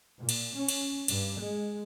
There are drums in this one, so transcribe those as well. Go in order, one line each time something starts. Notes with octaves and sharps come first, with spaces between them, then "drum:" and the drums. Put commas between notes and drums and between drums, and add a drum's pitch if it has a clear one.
A#2
drum: cymbal
C#4
drum: cymbal
G2, drum: cymbal
G#3